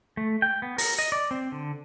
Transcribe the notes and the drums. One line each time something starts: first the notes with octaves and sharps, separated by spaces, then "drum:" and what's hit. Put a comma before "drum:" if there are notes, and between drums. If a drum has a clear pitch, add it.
A3
G5
B3
A#4, drum: open hi-hat
D#5
D5
C4
D3